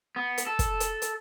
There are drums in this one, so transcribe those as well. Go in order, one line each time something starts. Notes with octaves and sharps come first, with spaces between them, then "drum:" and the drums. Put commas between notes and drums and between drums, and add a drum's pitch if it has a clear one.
B3
drum: hi-hat
A4
drum: kick, hi-hat
drum: hi-hat
drum: hi-hat